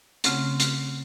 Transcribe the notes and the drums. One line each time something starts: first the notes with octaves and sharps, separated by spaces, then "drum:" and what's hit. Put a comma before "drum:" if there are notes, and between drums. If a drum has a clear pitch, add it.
C#3 A3 C4 C#4 F#5, drum: hi-hat
drum: hi-hat